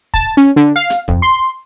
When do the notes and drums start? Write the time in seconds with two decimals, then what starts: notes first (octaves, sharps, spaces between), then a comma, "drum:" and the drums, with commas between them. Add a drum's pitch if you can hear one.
0.14 A5, drum: kick
0.37 C#4
0.56 D3
0.76 F5
0.90 drum: hi-hat
1.08 F2, drum: kick
1.22 C6